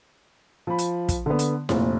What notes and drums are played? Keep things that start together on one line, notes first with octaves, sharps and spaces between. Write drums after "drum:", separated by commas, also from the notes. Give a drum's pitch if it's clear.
F3 B5
drum: hi-hat
drum: kick, hi-hat
D3 B3
drum: hi-hat
F1 A#1, drum: snare E4